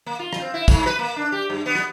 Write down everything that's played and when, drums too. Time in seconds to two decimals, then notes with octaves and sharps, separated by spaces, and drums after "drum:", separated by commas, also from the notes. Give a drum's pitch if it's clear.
0.06 A#3
0.19 F4
0.33 drum: rim click
0.42 C4
0.54 E4
0.68 G#2, drum: kick, tambourine
0.86 B4, drum: rim click
0.99 A#3
1.16 D4
1.32 G4
1.50 G2
1.66 B3
1.75 drum: rim click